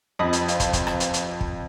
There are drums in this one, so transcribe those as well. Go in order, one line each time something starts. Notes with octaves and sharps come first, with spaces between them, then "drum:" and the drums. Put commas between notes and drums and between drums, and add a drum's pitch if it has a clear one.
F2 D#5 B5 D#6
drum: hi-hat
F4 C5, drum: hi-hat
drum: kick, hi-hat
drum: kick, hi-hat
drum: rim click
drum: hi-hat
drum: hi-hat
drum: kick